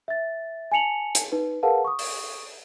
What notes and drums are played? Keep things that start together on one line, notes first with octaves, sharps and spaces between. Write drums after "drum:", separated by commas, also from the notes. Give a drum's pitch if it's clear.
E5 A6
G#5 A5 C#7 F7 F#7
drum: hi-hat
D#4 B4
G#4 A#4 B4 F5 F#5 A5
C#6 D#6
drum: open hi-hat